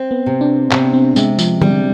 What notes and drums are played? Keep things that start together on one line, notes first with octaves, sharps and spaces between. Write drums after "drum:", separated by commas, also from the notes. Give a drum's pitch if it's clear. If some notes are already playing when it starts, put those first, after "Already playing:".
Already playing: C4
B3
C3
D4
C3, drum: clap
C4
C3 G#3, drum: tambourine
F3, drum: tambourine
G3, drum: tom D3